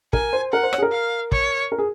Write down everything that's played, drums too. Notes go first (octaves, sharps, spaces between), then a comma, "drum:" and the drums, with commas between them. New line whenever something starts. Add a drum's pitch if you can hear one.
A#4 G#5, drum: kick
C5
A#4 F#5
C5
C#5, drum: rim click
G#4
A#4
F5
C#5, drum: kick
A#4
G#4